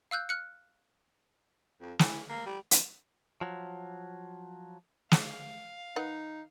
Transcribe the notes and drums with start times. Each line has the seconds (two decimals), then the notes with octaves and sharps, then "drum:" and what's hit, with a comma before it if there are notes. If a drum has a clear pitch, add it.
0.11 F5 E6 F#6 G6
0.29 F6 F#6 C#7
1.81 F2
1.99 E3, drum: snare
2.30 A#3
2.46 G3
2.71 drum: hi-hat
3.41 F3 F#3
5.11 F5, drum: snare
5.96 D#3 D#4 B4 F#5